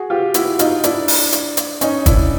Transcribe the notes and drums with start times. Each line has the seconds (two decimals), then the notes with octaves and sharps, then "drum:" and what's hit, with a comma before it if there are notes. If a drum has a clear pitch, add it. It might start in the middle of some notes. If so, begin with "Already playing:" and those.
Already playing: F#4 G#4
0.10 F4 G4
0.34 E4 F#4, drum: hi-hat
0.59 D#4 F4, drum: hi-hat
0.84 D4 E4, drum: hi-hat
1.08 drum: open hi-hat
1.32 drum: hi-hat
1.57 drum: hi-hat
1.81 C#4 D#4, drum: hi-hat
2.06 D4 E4, drum: kick, hi-hat